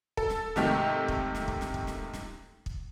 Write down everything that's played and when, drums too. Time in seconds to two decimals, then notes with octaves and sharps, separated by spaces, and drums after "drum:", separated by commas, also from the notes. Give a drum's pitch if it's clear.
0.17 A4, drum: kick
0.30 drum: snare
0.56 G#2 C3 D#3 A3 G4, drum: snare
1.08 drum: kick
1.35 drum: snare
1.48 drum: kick
1.61 drum: snare
1.74 drum: kick
1.87 drum: snare
2.14 drum: snare
2.66 drum: kick